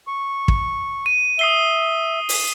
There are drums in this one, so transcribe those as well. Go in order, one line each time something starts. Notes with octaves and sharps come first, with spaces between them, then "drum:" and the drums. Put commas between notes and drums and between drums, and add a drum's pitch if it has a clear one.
C#6
drum: kick
D#7
E5 D#6 C7 G7
drum: open hi-hat